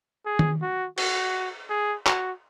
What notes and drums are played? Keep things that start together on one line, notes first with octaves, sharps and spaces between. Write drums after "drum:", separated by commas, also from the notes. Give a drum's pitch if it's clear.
G#4
drum: tom D#3
F#4
F#4, drum: cymbal
G#4
F#4, drum: clap